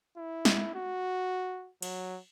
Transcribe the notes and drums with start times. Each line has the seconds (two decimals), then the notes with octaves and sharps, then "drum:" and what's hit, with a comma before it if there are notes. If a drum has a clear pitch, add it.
0.17 E4
0.45 drum: snare
0.75 F#4
1.82 F#3, drum: cymbal